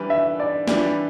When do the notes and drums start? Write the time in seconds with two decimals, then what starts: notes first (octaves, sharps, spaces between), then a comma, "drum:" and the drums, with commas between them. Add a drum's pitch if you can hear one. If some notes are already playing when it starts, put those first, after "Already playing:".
Already playing: E3 G3 D4 B4
0.10 E5
0.40 D5
0.68 E3 G3 D4 B4, drum: snare